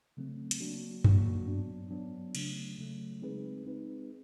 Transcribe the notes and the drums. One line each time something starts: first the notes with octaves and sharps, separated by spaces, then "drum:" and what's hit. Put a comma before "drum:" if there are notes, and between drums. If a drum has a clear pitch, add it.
C#3 F#3 A3 C4
drum: hi-hat
F#3 A#3 D4 F#4
F#3 A#3 D4 F#4, drum: tom F#2
F#3 B3 D4
F#3 B3 D4
C#3 F#3 A3, drum: cymbal
C#3 F#3 A3
G#3 C4 D#4 G#4 B4
G#3 C4 D#4 G#4 B4